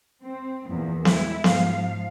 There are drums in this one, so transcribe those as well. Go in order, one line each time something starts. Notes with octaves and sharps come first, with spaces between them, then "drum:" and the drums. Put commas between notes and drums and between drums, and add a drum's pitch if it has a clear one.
C4
E2 A#2
G#3 E4, drum: snare B3
G#2 F3 F5, drum: snare B3